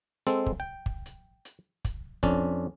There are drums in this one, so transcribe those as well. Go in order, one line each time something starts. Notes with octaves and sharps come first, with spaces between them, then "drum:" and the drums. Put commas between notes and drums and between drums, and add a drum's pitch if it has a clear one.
G#3 C4 A4, drum: hi-hat
drum: kick
G5
drum: kick
drum: hi-hat
drum: hi-hat
drum: kick, hi-hat
F2 C#4 D4 A5, drum: kick, hi-hat